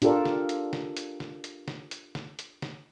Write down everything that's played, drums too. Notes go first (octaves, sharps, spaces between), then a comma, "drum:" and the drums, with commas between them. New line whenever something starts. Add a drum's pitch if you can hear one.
D4 F4 G4 A4 A#4 D5, drum: hi-hat
drum: snare
drum: hi-hat
drum: snare
drum: hi-hat
drum: snare
drum: hi-hat
drum: snare
drum: hi-hat
drum: snare
drum: hi-hat
drum: snare